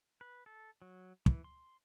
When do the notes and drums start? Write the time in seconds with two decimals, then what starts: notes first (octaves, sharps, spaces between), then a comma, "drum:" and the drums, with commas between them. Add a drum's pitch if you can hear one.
0.21 B4
0.46 A4
0.82 F#3
1.26 E3, drum: kick
1.44 C6